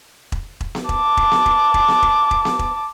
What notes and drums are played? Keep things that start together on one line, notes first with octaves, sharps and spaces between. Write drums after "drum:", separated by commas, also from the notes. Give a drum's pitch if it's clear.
drum: kick E1
drum: kick E1
drum: snare B3
A5 D6, drum: kick E1
drum: kick E1
drum: snare B3
drum: kick E1
drum: kick E1
drum: snare B3
drum: kick E1
drum: kick E1
drum: snare B3
drum: kick E1